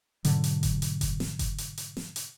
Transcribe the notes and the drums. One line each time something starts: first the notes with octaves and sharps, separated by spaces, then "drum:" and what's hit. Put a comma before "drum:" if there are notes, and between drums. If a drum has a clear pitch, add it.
G#2 B2 D3 F#3, drum: hi-hat
drum: hi-hat
drum: kick F#1, hi-hat
drum: hi-hat
drum: kick F#1, hi-hat
drum: snare
drum: kick F#1, hi-hat
drum: hi-hat
drum: hi-hat
drum: snare
drum: hi-hat